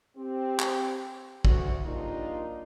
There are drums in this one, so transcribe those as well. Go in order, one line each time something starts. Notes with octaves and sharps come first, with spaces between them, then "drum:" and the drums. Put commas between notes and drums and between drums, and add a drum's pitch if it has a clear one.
C4 G4
drum: clap
D2 F#4, drum: kick A#1
F3 G3 A#3 D4 D#4 F4